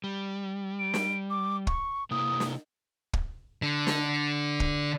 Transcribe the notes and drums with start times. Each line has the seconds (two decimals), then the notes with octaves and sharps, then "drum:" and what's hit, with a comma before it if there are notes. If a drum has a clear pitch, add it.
0.04 G3
0.79 D7
0.94 drum: snare
1.30 D6
1.67 C#6, drum: kick
2.11 C3 A#3 E4 D#6
2.40 drum: snare
3.13 drum: kick
3.62 D3
3.87 drum: snare
4.60 drum: kick